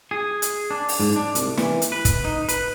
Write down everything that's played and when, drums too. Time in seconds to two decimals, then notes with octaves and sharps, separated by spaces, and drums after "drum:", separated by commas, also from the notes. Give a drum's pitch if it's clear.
0.11 G#4
0.42 drum: hi-hat
0.71 D4
0.89 drum: open hi-hat
1.00 G#2
1.16 D4
1.35 C2, drum: hi-hat
1.58 E3, drum: snare
1.82 drum: hi-hat
1.92 B4
2.05 drum: kick, hi-hat
2.25 D#4
2.49 B4, drum: hi-hat